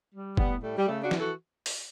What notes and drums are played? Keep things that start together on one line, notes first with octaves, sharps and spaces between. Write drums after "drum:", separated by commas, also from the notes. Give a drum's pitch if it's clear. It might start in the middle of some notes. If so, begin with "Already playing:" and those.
G3
A2 G3 B3, drum: kick
G3 A3
G3
C#3 A3
D4 F#4
E3, drum: snare
F#4 A4
drum: open hi-hat